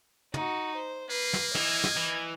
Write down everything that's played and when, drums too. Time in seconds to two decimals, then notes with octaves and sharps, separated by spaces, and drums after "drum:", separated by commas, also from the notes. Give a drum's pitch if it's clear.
0.34 D#4 F#4, drum: tom
0.76 C5
1.10 A#3 B4 C7
1.33 drum: snare
1.55 E3 D#5 G#6, drum: snare
1.84 drum: snare
1.96 E3